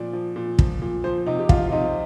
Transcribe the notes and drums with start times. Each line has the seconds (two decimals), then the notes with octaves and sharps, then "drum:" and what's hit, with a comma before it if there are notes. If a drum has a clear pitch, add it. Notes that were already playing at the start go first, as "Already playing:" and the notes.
Already playing: A#2 F3 D5
0.13 F3
0.36 A#2
0.59 F3, drum: kick
0.82 A#2
1.04 F3 C5
1.26 C3 D#4
1.39 G4
1.49 F3 F4, drum: kick
1.68 F4
1.72 C3 D#4